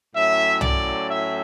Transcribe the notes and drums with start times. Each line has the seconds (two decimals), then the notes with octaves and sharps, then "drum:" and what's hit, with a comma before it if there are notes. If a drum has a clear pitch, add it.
0.14 A2 F#3 C#4 E4 E5
0.61 D5, drum: tom
1.08 E5